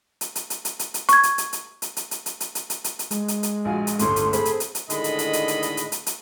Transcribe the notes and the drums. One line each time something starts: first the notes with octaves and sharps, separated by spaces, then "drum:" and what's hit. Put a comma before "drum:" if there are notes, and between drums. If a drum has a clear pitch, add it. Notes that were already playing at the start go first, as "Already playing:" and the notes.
drum: hi-hat
drum: hi-hat
drum: hi-hat
drum: hi-hat
drum: hi-hat
drum: hi-hat
C#6 G#6, drum: hi-hat
drum: hi-hat
drum: hi-hat
drum: hi-hat
drum: hi-hat
drum: hi-hat
drum: hi-hat
drum: hi-hat
drum: hi-hat
drum: hi-hat
drum: hi-hat
drum: hi-hat
drum: hi-hat
G#3, drum: hi-hat
drum: hi-hat
drum: hi-hat
A#1 F4 F#4 G#5
drum: hi-hat
G1 C#2 A2 A4 C6, drum: hi-hat
drum: hi-hat
C4 G#4 B5, drum: hi-hat
drum: hi-hat
drum: hi-hat
drum: hi-hat
A2 D3 D#3 G#3 D#5 B5, drum: hi-hat
drum: hi-hat
drum: hi-hat
drum: hi-hat
drum: hi-hat
drum: hi-hat
drum: hi-hat
drum: hi-hat
drum: hi-hat